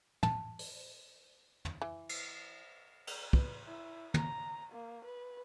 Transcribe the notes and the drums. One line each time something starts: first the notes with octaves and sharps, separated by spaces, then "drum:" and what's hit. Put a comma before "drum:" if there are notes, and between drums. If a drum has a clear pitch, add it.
A5, drum: tom
drum: open hi-hat
drum: tom
E3
drum: cymbal
drum: cymbal
B4, drum: kick
E4
A#5, drum: tom
A#3
B4